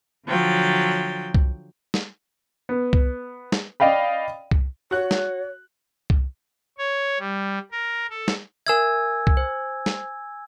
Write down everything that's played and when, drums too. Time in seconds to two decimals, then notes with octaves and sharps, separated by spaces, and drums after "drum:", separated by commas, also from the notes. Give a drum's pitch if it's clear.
0.28 D3 F3 F#3 G5 A6
1.34 drum: kick C2
1.94 drum: snare
2.69 B3
2.93 drum: kick C2
3.52 drum: snare
3.80 D5 D#5 F5 G5 B5
4.51 drum: kick C2
4.91 F#4 C#5 F#6
5.11 drum: snare
6.10 drum: kick C2
6.78 C#5
7.19 G3
7.72 A#4
8.10 A4
8.28 drum: snare
8.67 A#4 E5 G#5 E6 G#6
9.27 drum: kick C2
9.37 C5
9.86 drum: snare